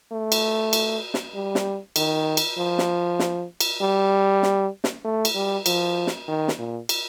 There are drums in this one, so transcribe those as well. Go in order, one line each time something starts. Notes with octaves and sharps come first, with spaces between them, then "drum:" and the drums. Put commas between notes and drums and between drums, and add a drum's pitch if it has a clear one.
A3
drum: cymbal
drum: cymbal
drum: snare
G3
drum: snare
D#3, drum: cymbal
drum: cymbal
F3
drum: snare
drum: snare
drum: cymbal
G3
drum: snare
drum: snare
A3
drum: cymbal
G3
F3, drum: cymbal
drum: snare
D#3
drum: snare
A#2
drum: cymbal